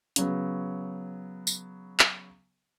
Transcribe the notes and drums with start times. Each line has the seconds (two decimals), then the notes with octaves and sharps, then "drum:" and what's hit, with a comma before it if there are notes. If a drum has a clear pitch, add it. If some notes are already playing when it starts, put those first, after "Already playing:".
0.16 C#3 F#3 B3, drum: hi-hat
1.47 drum: tambourine
1.99 drum: clap